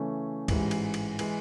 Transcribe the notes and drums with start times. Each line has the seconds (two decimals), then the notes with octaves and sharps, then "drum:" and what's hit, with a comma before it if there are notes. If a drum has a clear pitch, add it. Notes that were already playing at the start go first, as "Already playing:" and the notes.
Already playing: C#3 E3 A3 C#4
0.48 A1 G#2 E3 G#3, drum: kick, cymbal
0.71 drum: cymbal
0.94 drum: cymbal
1.19 E3 G#3, drum: cymbal